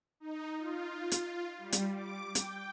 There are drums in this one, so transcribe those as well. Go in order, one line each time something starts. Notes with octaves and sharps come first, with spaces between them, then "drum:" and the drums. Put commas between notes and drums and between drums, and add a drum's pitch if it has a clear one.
D#4
F4
drum: hi-hat
G3
drum: hi-hat
D6
G5, drum: hi-hat